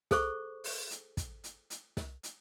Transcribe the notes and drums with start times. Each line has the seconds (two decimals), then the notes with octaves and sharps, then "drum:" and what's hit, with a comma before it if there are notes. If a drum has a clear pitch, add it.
0.11 G#4 A4 C5 C#6, drum: snare
0.64 drum: open hi-hat
0.91 drum: hi-hat
1.17 drum: kick, hi-hat
1.44 drum: hi-hat
1.70 drum: hi-hat
1.97 drum: snare
2.23 drum: hi-hat